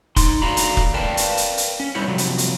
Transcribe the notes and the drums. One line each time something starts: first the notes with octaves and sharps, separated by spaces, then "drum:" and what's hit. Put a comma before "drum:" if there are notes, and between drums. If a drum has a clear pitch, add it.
D#4 C6, drum: kick, hi-hat
D2 F#4 D5 F5 A#5 B5
drum: hi-hat
drum: kick
A#4 B4 D5 F5 G5 A5
drum: hi-hat
drum: hi-hat
drum: hi-hat
C#4
G3 C#4 E4 C5 C#5 F#5
C3 F3 F#3
drum: hi-hat
drum: hi-hat